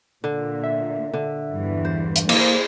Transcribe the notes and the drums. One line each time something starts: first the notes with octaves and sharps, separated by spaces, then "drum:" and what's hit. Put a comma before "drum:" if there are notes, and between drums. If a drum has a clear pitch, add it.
A#2 D3
E5
D3
E2 G2 E3
C5
drum: hi-hat
A#3 E4 G#4 C5 D5 D#5, drum: cymbal